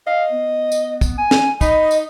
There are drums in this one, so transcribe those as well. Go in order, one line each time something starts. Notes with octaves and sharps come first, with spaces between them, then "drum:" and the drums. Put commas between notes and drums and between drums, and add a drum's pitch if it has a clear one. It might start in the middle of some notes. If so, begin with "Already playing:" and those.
D#5 F5
B3
drum: tambourine
drum: kick, tambourine
G#5
drum: snare
D#4 D#5 B5, drum: kick, tambourine
drum: tambourine